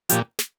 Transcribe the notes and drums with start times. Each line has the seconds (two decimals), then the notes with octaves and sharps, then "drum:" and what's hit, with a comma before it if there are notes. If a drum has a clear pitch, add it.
0.09 A#2 F3 G4, drum: hi-hat
0.39 drum: snare